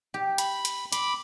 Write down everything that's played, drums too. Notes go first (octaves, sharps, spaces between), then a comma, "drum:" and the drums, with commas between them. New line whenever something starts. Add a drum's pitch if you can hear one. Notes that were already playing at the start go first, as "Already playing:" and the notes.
G4
B5, drum: hi-hat
drum: hi-hat
B5 C6 D6, drum: hi-hat